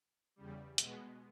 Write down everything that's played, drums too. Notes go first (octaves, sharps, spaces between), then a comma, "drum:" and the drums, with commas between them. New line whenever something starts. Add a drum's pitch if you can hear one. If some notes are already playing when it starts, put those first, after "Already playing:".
E2 C#3 G3
B2 G#3 B3, drum: hi-hat